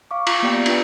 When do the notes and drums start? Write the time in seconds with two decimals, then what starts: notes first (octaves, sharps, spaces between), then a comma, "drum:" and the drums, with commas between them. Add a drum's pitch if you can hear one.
0.11 F5 C#6 D6
0.27 F4 A#5, drum: cymbal
0.42 A#3 B3 G4 D5 G5 A#5
0.66 D4 F4 B4 G5, drum: cymbal